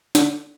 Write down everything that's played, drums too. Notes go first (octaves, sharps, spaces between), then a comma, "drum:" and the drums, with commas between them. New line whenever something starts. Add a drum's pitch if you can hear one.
D3, drum: snare